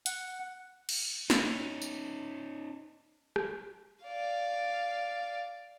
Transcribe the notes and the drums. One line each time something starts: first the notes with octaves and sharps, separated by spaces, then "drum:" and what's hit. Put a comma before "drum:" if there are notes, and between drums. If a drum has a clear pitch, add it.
F#5, drum: hi-hat
drum: cymbal
C#4 D#4, drum: snare
drum: tambourine
drum: rim click
D5 F5